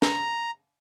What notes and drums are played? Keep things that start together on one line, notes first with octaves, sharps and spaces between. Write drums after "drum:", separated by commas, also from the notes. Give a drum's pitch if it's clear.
A#5, drum: snare